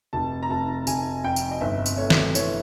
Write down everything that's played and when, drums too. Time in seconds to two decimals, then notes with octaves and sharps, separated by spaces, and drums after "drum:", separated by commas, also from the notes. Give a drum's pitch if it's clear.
0.13 F1 A5
0.42 A#5
0.50 F1 A5
0.87 F1 G#5, drum: tambourine
1.24 F2 G5
1.36 drum: tambourine
1.51 D#5
1.61 G1 E5
1.86 drum: tambourine
1.98 A3 C#5
2.10 drum: snare
2.35 E3 C#5, drum: tambourine